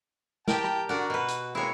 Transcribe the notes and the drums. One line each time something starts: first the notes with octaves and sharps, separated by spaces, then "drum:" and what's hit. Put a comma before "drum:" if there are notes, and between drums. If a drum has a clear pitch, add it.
G4 A#4 G5 A5, drum: snare
drum: rim click
D3 F#4 A#4 D5
B2 F#4 B4
drum: hi-hat
G#3 A#3 C4 E4 C#5